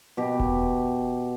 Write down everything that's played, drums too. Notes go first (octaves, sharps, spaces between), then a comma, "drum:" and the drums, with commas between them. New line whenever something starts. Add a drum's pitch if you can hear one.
B2 G4
drum: kick E1